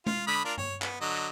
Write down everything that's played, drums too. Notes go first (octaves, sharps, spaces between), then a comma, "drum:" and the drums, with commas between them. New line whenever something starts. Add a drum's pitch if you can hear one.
F4, drum: tom G#3
D3 B5 D#6
D4 F4 A#4
C#5, drum: tom G2
B3, drum: clap
D3 F#3 D#5